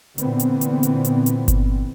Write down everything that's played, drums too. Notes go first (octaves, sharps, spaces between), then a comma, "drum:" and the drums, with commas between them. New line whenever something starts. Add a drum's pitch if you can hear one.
A#2 D3 E3 B3 C4, drum: hi-hat
drum: hi-hat
drum: hi-hat
drum: hi-hat
drum: hi-hat
drum: hi-hat
drum: kick G1, hi-hat